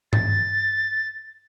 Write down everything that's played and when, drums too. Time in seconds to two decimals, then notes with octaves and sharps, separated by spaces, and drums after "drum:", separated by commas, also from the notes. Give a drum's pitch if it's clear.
0.13 A6, drum: tom G2